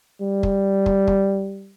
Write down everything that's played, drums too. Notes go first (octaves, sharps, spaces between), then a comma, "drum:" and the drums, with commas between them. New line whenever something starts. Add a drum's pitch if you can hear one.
G3
drum: kick
drum: kick
drum: kick